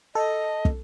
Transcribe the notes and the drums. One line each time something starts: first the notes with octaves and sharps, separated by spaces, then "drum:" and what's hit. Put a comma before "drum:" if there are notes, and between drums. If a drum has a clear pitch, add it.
A4 D#5
drum: kick